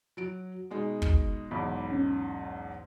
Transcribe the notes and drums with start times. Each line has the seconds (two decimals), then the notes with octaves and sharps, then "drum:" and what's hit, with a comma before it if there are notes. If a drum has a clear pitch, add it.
0.17 F#3 D7
0.71 B2 G#3 D#4
1.02 drum: kick
1.51 B1 E2 G#2 B5 D6
1.92 C#4